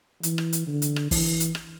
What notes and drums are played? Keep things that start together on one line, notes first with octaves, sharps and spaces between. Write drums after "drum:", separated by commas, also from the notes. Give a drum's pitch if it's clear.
E3, drum: hi-hat
drum: rim click
drum: hi-hat
D3
drum: hi-hat
drum: rim click
E3, drum: kick, open hi-hat
drum: hi-hat
drum: rim click